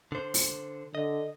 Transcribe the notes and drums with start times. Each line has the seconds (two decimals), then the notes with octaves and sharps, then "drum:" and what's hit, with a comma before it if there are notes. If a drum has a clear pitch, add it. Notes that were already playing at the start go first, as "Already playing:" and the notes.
0.12 D3 C5
0.34 drum: open hi-hat
0.95 D3 D#5